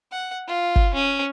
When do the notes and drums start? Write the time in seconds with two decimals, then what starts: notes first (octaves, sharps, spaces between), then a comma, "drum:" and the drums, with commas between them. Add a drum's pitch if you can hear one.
0.12 F#5
0.48 F4
0.76 drum: kick
0.94 C#4